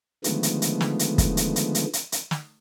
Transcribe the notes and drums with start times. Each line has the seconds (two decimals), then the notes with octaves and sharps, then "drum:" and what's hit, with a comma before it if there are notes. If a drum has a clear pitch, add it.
0.24 D3 D#3 F3 G#3 A3 B3, drum: hi-hat
0.43 drum: hi-hat
0.62 drum: hi-hat
0.81 drum: snare
0.99 drum: hi-hat
1.18 drum: kick, hi-hat
1.37 drum: hi-hat
1.56 drum: hi-hat
1.75 drum: hi-hat
1.93 drum: hi-hat
2.12 drum: hi-hat
2.31 drum: snare